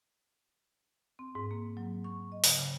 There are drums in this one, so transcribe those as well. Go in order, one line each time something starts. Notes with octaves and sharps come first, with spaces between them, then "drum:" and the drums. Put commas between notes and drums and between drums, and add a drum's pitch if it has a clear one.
C4
G#2
A#3
F#3
C#6
D#5
C#3, drum: open hi-hat
C#3